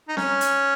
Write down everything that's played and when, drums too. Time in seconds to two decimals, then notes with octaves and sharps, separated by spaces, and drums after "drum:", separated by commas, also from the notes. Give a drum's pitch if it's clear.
0.08 D#4
0.17 C#4, drum: snare C4
0.41 drum: hi-hat